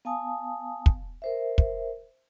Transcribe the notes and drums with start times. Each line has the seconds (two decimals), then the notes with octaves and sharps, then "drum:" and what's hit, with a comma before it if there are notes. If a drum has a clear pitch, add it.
0.05 B3 F5 G#5 A5 D#6
0.86 drum: kick
1.22 A#4 C5 E5
1.58 drum: kick